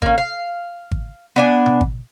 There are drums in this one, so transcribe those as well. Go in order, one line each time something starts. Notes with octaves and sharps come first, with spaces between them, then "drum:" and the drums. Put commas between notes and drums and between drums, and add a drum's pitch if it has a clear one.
A#3 C#4, drum: kick G#1
F5
drum: kick G#1
B3 D4 G#5
drum: tom B2
drum: kick G#1